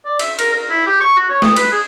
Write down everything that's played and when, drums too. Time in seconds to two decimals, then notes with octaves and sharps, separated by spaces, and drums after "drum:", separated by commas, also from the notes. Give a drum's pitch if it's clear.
0.05 D5
0.19 E5, drum: cymbal
0.39 A#4, drum: cymbal
0.53 A#4
0.70 E4
0.86 G4
1.00 C#6
1.16 F#4
1.29 C#5
1.42 D#6, drum: snare
1.56 B4, drum: cymbal
1.72 G#4